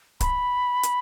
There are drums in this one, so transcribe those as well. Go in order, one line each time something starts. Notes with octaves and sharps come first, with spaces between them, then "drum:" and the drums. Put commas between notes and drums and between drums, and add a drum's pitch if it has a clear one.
B5, drum: kick C#1, hi-hat
drum: hi-hat